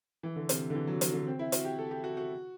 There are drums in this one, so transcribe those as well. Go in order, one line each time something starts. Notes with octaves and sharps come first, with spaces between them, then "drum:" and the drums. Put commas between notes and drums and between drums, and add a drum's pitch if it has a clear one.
E3
D3
C3, drum: hi-hat
D3
E3
F#3
F#3, drum: hi-hat
D3
C4
E4
F#4, drum: hi-hat
G4
A4
G4
F#4
F#4